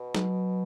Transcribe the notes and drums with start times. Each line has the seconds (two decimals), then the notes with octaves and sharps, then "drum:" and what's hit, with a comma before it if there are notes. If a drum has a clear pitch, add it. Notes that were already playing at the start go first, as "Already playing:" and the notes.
Already playing: B2
0.15 F#3, drum: snare